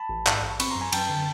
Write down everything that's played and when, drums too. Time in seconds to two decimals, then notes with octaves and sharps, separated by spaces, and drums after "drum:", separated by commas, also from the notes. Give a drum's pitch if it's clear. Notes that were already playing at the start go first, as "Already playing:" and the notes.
Already playing: A5 B5
0.09 A1
0.27 G#2, drum: clap
0.43 A1
0.60 C4 B5 C#6, drum: cymbal
0.71 A#5 C6
0.76 F#2
0.81 G#5 A#5
0.92 F#2 G5 A5, drum: cymbal
1.09 D3